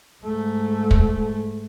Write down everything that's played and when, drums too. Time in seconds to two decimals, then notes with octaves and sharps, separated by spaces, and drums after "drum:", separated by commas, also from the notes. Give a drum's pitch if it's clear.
0.22 G#2 A3
0.91 drum: kick